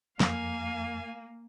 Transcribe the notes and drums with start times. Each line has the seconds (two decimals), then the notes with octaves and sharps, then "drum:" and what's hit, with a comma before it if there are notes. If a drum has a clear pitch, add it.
0.20 F2 A#3 F5 G#5, drum: snare